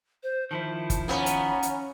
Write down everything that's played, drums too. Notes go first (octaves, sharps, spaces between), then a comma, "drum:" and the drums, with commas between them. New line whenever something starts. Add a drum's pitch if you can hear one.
C5
D#3 F3 E4 A5
drum: kick F#1, hi-hat
A#3 B3 C#4 B5
drum: hi-hat
drum: hi-hat